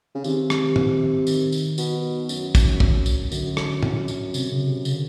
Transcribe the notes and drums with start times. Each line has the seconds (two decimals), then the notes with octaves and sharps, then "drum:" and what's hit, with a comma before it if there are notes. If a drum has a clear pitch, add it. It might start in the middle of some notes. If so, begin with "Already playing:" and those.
0.15 C#3
0.24 C3 D#3, drum: tambourine
0.50 drum: rim click
0.76 drum: tom
1.27 D#3, drum: tambourine
1.52 drum: tambourine
1.78 B2, drum: tambourine
2.29 F#2, drum: tambourine
2.55 drum: kick, tambourine
2.80 drum: kick
3.06 drum: tambourine
3.32 F#2 D3, drum: tambourine
3.57 drum: rim click
3.83 drum: tom
4.08 drum: tambourine
4.34 C3, drum: tambourine
4.50 C#3
4.67 C3
4.85 C#3, drum: tambourine
4.93 D3